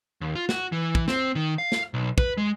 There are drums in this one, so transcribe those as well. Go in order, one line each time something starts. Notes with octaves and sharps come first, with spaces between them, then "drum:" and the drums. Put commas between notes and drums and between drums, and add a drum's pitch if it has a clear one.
D#2
F4
F#4, drum: snare
E3
drum: kick
C4, drum: snare
D#3
F5
drum: snare
B1
B4, drum: kick
G#3